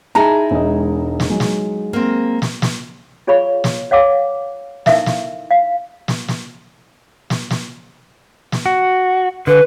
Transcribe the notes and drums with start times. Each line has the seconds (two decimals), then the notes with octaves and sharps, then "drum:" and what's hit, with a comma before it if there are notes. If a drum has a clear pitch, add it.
0.15 D#4 E4 G#4 A5 A#5
0.51 E1 G#3 D#5
1.20 drum: snare
1.30 F#3 G#3
1.40 drum: snare
1.93 A#3 C4
2.42 drum: snare
2.62 drum: snare
3.27 F4 G#4 C#5 F5 B5 C#6
3.64 drum: snare
3.91 C#5 F5 F#5 D6
4.86 D#4 E4 A4 A#4 E5 F5, drum: snare
5.06 drum: snare
5.51 F5
6.08 drum: snare
6.28 drum: snare
7.30 drum: snare
7.50 drum: snare
8.52 drum: snare
8.66 F#4
9.47 D3 B4